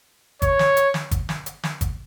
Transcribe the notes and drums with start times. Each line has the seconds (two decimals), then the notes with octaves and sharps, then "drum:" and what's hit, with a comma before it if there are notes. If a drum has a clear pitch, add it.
0.42 C#5, drum: kick, hi-hat
0.59 drum: snare
0.77 drum: hi-hat
0.94 drum: snare
1.11 drum: kick, hi-hat
1.29 drum: snare
1.46 drum: hi-hat
1.63 drum: snare
1.81 drum: kick, hi-hat